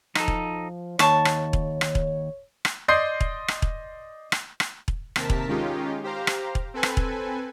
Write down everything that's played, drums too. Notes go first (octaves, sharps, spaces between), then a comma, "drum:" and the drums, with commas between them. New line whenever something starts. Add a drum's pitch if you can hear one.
F3 D#4 A4, drum: rim click
drum: kick E1
D#2 C#5 A5 C#6, drum: rim click
drum: rim click
drum: kick E1
drum: rim click
drum: kick E1
drum: rim click
D5 D#5 C6 G6 C7
drum: kick E1
drum: rim click
drum: kick E1
drum: rim click
drum: rim click
drum: kick E1
D#2 C3 A#4 A5 B6, drum: rim click
drum: kick E1
D#3 G#3 C#4 D#4 F4 G4
G4 C5 F5 A#5
drum: rim click
drum: kick E1
C4 A4 B4 G#5
drum: rim click
drum: kick E1